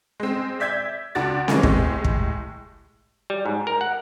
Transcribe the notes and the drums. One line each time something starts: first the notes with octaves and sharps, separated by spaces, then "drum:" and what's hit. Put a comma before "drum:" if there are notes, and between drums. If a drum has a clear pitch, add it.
G#3 C4
D5 E5 G6 G#6 B6
C#2 D4 F#4 A6
E3 G#3 A#3 C#4, drum: snare C4
A2 G#3 G4, drum: kick
drum: kick
G3
G#2
A#4
F#5